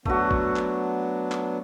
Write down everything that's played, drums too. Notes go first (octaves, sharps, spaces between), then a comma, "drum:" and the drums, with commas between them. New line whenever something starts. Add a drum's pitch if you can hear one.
F#3 A3 B3 D4 F#4, drum: kick
drum: kick
drum: clap
drum: clap